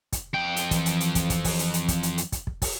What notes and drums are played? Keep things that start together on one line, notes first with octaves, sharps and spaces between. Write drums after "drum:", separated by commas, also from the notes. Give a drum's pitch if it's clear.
drum: kick, hi-hat
F2 G5
drum: hi-hat
E3, drum: kick, hi-hat
drum: hi-hat
drum: hi-hat
drum: kick, hi-hat
drum: kick, hi-hat
drum: kick, open hi-hat
drum: hi-hat
drum: hi-hat
drum: kick, hi-hat
drum: hi-hat
drum: hi-hat
drum: kick, hi-hat
drum: kick
drum: kick, open hi-hat